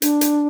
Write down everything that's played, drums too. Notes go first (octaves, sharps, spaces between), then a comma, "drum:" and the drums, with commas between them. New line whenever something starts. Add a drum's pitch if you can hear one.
D4, drum: hi-hat
drum: hi-hat